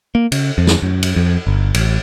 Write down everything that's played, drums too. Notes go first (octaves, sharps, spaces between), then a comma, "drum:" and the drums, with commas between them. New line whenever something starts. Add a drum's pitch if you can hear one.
A#3
C#3, drum: cymbal
F2
drum: snare
F#2
drum: cymbal
F2
G1
A1, drum: cymbal